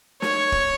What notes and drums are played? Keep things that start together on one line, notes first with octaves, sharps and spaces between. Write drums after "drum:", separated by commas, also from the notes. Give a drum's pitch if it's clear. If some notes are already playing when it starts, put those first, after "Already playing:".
C#5, drum: snare
drum: kick